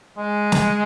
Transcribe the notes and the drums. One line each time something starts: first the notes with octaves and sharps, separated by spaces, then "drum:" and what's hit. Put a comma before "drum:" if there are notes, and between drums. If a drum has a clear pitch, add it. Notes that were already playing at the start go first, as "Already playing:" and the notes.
G#3
drum: snare